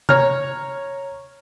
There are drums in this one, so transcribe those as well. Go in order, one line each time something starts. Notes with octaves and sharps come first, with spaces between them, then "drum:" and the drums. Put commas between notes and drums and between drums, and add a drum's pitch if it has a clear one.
C#5 A#5 F6, drum: tom C3